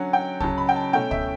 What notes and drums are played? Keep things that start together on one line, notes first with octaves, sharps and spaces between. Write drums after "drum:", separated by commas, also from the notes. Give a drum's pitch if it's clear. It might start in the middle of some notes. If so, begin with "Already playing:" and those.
Already playing: D3 F#3 C#4 F#5
G5
C#3 F#3 C#4 A5, drum: kick
B5
G5
A5
B2 A3 C#4 G5
E5, drum: kick